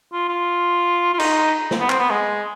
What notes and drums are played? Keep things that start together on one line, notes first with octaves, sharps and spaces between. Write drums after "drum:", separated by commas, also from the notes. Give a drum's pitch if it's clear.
F4
F4
F4
D#4, drum: cymbal
drum: snare
B3
C4, drum: clap
B3
G#3